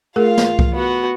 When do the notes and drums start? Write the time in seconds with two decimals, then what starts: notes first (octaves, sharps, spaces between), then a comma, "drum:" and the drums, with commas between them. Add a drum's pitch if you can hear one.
0.16 A3 F4 G#4 A#4 F5
0.37 drum: snare
0.59 drum: kick C2
0.74 B3 F#4